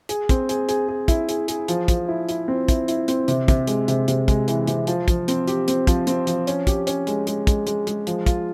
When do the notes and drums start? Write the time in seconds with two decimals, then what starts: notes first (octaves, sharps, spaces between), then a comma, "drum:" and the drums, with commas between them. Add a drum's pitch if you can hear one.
0.09 G#4, drum: hi-hat
0.29 C4, drum: kick, hi-hat
0.49 G#4, drum: hi-hat
0.69 G#4, drum: hi-hat
0.88 G#4
1.08 E4, drum: kick, hi-hat
1.29 G#4, drum: hi-hat
1.48 G#4, drum: hi-hat
1.68 F3, drum: hi-hat
1.88 F3, drum: kick, hi-hat
2.08 E4
2.29 E4, drum: hi-hat
2.48 C4
2.68 E4, drum: kick, hi-hat
2.88 E4, drum: hi-hat
3.08 C4, drum: hi-hat
3.28 C3, drum: hi-hat
3.48 C3, drum: kick, hi-hat
3.67 G#3, drum: hi-hat
3.88 C3, drum: hi-hat
4.08 C3, drum: hi-hat
4.28 G#3, drum: kick, hi-hat
4.48 E3, drum: hi-hat
4.67 C3, drum: hi-hat
4.87 F3, drum: hi-hat
5.08 F3, drum: kick, hi-hat
5.28 C4, drum: hi-hat
5.48 G4, drum: hi-hat
5.68 C4, drum: hi-hat
5.87 F3, drum: kick, hi-hat
6.07 C4, drum: hi-hat
6.27 F3, drum: hi-hat
6.47 C#4, drum: hi-hat
6.67 G4, drum: kick, hi-hat
6.87 C#4, drum: hi-hat
7.07 G#3, drum: hi-hat
7.27 G#3, drum: hi-hat
7.47 G#3, drum: kick, hi-hat
7.67 G#3, drum: hi-hat
7.87 G#3, drum: hi-hat
8.07 F3, drum: hi-hat
8.26 F4, drum: kick, hi-hat